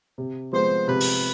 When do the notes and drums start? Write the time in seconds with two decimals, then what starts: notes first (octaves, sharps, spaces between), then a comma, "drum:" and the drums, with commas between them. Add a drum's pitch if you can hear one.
0.18 C3
0.53 F3 G#3 B3 C5
0.88 C3 B4
1.01 drum: open hi-hat